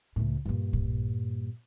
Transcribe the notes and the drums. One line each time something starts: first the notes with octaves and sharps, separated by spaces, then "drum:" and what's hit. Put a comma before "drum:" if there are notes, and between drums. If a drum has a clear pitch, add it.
C#2 A2
G2 A#2
drum: kick A#1